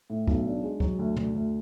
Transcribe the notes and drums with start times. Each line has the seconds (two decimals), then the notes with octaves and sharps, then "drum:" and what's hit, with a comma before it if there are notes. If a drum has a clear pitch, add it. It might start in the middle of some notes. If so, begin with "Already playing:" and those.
0.10 A2
0.27 B1, drum: kick
0.46 D4
0.63 G#3
0.80 F#3, drum: kick
0.99 D2
1.16 D2, drum: tom
1.35 D2